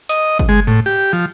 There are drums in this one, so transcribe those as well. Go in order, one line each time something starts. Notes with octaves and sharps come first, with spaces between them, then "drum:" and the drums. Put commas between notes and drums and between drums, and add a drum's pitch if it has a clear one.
D#5, drum: hi-hat
drum: kick
G#3
A2
G4
F3